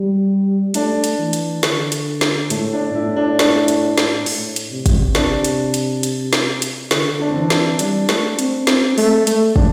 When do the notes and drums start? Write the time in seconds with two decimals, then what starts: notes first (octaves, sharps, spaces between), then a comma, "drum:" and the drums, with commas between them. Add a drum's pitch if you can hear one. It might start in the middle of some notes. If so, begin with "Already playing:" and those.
Already playing: G3
0.74 A3 D4, drum: hi-hat
1.04 drum: hi-hat
1.19 E3
1.33 drum: hi-hat
1.63 D3, drum: snare
1.92 drum: hi-hat
2.21 drum: snare
2.50 A2 A3, drum: hi-hat
2.73 D4
2.94 A2 E4
3.16 D4
3.39 D4, drum: snare
3.68 drum: hi-hat
3.98 drum: snare
4.26 A2, drum: open hi-hat
4.56 drum: hi-hat
4.71 C3
4.86 drum: kick, hi-hat
5.15 C3 D4, drum: snare
5.44 drum: hi-hat
5.74 drum: hi-hat
6.03 drum: hi-hat
6.33 drum: snare
6.62 drum: hi-hat
6.91 D3, drum: snare
7.21 D4
7.30 C4
7.35 E3
7.41 D4
7.50 E4, drum: snare
7.79 G3 D4, drum: hi-hat
8.09 A3, drum: snare
8.39 C4, drum: hi-hat
8.67 C4, drum: snare
8.98 A3, drum: open hi-hat
9.27 A3, drum: hi-hat
9.56 D4, drum: kick